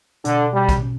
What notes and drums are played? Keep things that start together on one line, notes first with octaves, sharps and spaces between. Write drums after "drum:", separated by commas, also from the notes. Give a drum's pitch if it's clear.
B2 D3, drum: hi-hat
B2 G3
drum: kick, hi-hat
C#4